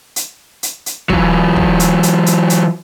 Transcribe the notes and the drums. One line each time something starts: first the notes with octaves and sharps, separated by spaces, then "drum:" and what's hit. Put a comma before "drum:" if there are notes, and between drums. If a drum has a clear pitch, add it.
drum: hi-hat
drum: hi-hat
drum: hi-hat
E3 F#3, drum: kick
drum: kick
drum: hi-hat
drum: hi-hat
drum: hi-hat
drum: hi-hat